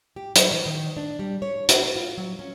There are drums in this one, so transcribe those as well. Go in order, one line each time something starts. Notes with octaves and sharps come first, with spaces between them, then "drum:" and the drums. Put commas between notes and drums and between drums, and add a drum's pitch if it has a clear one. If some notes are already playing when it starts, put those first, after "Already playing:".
G4
F#3, drum: hi-hat
E3
D#3
D4
G3
C#5
F#4, drum: hi-hat
F#4
F4
F#3
C#4